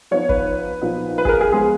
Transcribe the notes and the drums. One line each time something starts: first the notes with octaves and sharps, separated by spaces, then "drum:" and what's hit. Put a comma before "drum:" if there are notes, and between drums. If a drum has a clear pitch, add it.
F3 B3 D#4 C#5
B4, drum: kick
A#2 F3 B3 D#4
B4
G#4, drum: kick
A#4
G#4
F3 G#3 B3 G#4